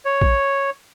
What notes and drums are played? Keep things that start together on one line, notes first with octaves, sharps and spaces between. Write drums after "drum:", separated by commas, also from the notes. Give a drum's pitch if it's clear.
C#5
drum: kick A#1